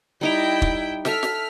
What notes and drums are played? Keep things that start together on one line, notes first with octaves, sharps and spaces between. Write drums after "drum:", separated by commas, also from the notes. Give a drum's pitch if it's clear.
G3 D#4 E4 G5 A#5
drum: kick
A4 E5 G5 F6 B6, drum: snare
drum: snare